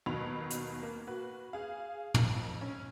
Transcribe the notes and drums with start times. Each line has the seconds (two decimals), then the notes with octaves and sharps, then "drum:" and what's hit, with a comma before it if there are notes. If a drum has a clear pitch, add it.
0.06 D#2 B2 D#3 F#3 B5 F7
0.50 drum: hi-hat
0.83 A#3
1.07 F#4 B4
1.53 G#4 F5
2.14 F2 D#3, drum: tom
2.61 C#4